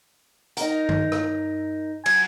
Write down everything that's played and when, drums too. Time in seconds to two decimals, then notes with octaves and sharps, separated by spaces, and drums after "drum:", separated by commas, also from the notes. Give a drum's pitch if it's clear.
0.57 D#4 A#4, drum: hi-hat
0.89 drum: tom
1.12 drum: rim click
2.06 F#3 G#5, drum: cymbal